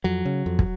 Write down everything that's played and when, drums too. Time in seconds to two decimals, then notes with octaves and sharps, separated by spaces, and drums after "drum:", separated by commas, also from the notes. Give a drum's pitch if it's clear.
0.04 F2 F#3
0.25 C#3
0.46 F2
0.59 drum: kick